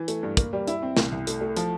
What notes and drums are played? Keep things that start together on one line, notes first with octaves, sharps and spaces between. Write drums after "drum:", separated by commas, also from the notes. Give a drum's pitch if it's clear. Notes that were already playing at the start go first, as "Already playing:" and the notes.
Already playing: E3
A3, drum: hi-hat
G2
A#3, drum: kick, hi-hat
G3
E4, drum: hi-hat
C4
C2, drum: snare
C2
A3, drum: hi-hat
A3
F3, drum: hi-hat